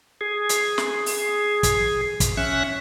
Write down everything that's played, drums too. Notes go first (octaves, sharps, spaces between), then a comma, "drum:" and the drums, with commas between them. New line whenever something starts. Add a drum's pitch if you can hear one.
G#4
drum: hi-hat
drum: snare
drum: open hi-hat
drum: kick, hi-hat
drum: kick, hi-hat
C#4 E5 F#6